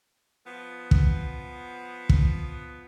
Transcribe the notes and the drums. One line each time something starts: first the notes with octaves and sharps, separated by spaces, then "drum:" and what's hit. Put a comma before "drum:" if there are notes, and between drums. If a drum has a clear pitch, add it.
F3 B3
drum: kick
drum: kick